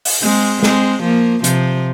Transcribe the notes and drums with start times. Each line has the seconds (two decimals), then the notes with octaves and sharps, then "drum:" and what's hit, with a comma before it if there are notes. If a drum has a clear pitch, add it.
0.05 drum: open hi-hat
0.22 G#3 C4
0.63 G#3 C4, drum: snare
1.03 F3 A#3
1.44 C3 F3, drum: hi-hat